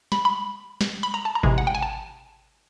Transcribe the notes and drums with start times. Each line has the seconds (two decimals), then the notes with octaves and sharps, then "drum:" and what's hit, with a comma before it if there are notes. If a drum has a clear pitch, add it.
0.12 B5, drum: snare
0.25 B5
0.81 drum: snare
1.03 B5
1.14 A#5
1.25 A5
1.35 A#5
1.43 C3 E3 G#3, drum: kick G#1
1.58 F#5
1.67 G5
1.75 G#5
1.83 A5